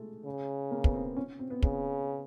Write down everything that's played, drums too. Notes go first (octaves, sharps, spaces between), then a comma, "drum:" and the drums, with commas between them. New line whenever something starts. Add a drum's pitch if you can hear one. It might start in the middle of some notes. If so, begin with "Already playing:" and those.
Already playing: G#3 A3
C#3
A#3
B3, drum: kick
C4
C#4
C4
B3
C#3, drum: kick